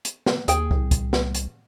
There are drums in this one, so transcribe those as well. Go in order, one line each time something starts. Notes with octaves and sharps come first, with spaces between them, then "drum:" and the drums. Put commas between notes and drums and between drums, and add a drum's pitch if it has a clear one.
drum: hi-hat
drum: snare
D#2 G#4 G5, drum: hi-hat
C2, drum: kick
drum: kick, hi-hat
drum: snare
drum: hi-hat